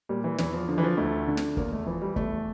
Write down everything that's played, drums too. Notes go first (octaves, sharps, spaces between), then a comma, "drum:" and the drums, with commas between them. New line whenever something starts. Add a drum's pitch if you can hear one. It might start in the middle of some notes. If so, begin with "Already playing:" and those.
A#2 G3
E3
E2 E3, drum: snare
F3
D3 F3
E3
F3
D2 A3
D3
drum: snare
E2 A#3, drum: kick
A3
E3 F3
G3
E2 A3, drum: kick